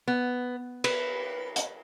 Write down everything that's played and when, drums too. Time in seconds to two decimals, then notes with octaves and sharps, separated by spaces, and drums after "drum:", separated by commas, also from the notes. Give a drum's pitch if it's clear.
0.08 B3
0.84 B4, drum: cymbal
1.56 drum: hi-hat